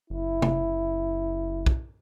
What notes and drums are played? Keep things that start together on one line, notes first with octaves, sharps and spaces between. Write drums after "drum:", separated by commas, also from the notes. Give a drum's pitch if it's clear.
F#1 E4
drum: tom
drum: kick